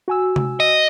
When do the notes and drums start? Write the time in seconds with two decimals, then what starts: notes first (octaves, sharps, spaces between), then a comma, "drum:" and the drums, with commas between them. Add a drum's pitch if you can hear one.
0.08 F#4 G#5 E6
0.36 drum: tom C3
0.60 D#5